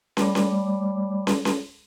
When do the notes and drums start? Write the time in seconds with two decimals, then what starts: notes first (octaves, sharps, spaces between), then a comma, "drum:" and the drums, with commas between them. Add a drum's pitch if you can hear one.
0.17 G3 A3 C#5 D5 B5 D6, drum: snare
0.35 drum: snare
1.27 drum: snare
1.45 drum: snare